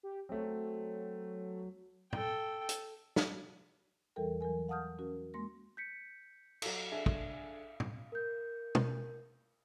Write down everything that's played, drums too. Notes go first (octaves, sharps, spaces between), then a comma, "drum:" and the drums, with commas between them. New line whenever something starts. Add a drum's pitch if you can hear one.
G4
F#3 A3 C4
A4 G5, drum: tom
drum: hi-hat
drum: snare
E2 E3 G3 A4 A#4 G5
E3 F#3 A#4 G#5
F5 F#5 A5 D#6 F6 G6
C#4 F#4 A#4
G#3 A#3 C6 A#6
G6 B6 C#7
F#3 A4, drum: cymbal
D4 G#4 A4 E5
drum: kick
drum: tom
A#4 G6
drum: tom